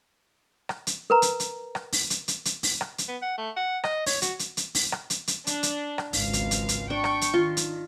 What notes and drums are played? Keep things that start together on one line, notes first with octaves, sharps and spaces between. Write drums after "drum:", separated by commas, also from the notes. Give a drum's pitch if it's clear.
drum: rim click
drum: hi-hat
A#4 B4 A#5
drum: hi-hat
drum: hi-hat
drum: rim click
drum: open hi-hat
drum: hi-hat
drum: hi-hat
drum: hi-hat
drum: open hi-hat
drum: rim click
drum: hi-hat
B3
F#5
A3
F#5
D#5, drum: rim click
C#5, drum: open hi-hat
F#4, drum: hi-hat
drum: hi-hat
drum: hi-hat
drum: open hi-hat
drum: rim click
drum: hi-hat
drum: hi-hat
D4, drum: hi-hat
drum: hi-hat
drum: rim click
G#1 C#2 F5, drum: open hi-hat
drum: hi-hat
drum: hi-hat
drum: hi-hat
D4 G5 C#6
drum: rim click
drum: hi-hat
D#3 F4
drum: hi-hat